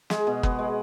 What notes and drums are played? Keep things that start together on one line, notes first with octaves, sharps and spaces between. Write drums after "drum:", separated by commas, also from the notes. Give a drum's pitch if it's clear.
G#3 G#4, drum: snare
B2
B2 B4, drum: kick
G#3